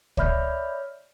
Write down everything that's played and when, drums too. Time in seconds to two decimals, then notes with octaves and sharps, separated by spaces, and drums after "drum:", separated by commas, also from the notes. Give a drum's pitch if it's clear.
0.17 C#5 D5 E5 B5 F6 G6, drum: kick